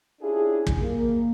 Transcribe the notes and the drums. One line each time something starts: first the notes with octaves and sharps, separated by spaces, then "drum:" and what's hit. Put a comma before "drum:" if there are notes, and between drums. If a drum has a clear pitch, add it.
C#4 D4 E4 F4 G4 G#4
drum: kick
A#3